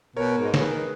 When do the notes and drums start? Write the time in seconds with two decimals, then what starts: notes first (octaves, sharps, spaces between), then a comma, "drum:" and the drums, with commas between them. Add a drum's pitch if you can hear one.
0.16 B2 A#4 C#5
0.39 G#2
0.45 D#5
0.54 C#5, drum: snare
0.60 D#3 G#4 B4